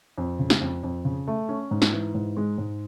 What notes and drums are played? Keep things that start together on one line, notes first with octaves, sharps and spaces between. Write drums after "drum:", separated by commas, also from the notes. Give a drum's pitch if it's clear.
F2
C#3
drum: snare
F2
F2
C#3
A3
C#4
G#2
drum: snare
E3
G#2
G#3
G#2